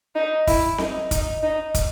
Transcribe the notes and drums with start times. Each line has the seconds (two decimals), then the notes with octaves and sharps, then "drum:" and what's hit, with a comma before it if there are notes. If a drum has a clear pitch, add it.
0.15 D#4
0.47 E4, drum: kick, open hi-hat
0.78 D#4, drum: snare C4
1.11 D#4, drum: kick, hi-hat
1.43 D#4
1.74 drum: kick, hi-hat